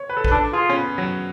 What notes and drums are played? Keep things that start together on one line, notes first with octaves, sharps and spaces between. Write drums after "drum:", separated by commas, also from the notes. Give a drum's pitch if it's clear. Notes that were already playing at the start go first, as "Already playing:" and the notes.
Already playing: C#5
B4
A4
B4, drum: kick A1
D4 A4
F4 G#4
C#4
B3
F#3